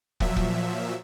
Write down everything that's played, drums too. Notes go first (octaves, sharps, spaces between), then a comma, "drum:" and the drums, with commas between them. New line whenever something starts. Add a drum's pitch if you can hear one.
A#2 F3 F#3 E5, drum: kick
drum: kick